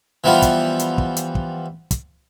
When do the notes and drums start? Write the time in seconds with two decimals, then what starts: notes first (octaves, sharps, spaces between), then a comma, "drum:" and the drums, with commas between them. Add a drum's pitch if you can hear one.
0.24 E3 F3 G3 B3 F4
0.42 drum: kick, hi-hat
0.79 drum: hi-hat
0.98 drum: kick
1.17 drum: hi-hat
1.35 drum: kick
1.91 drum: kick, hi-hat